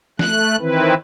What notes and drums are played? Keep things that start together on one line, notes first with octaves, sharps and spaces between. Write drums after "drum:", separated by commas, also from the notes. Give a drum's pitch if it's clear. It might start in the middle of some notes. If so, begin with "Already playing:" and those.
A3 F#6, drum: snare
D#3 E3 C4 E4 B4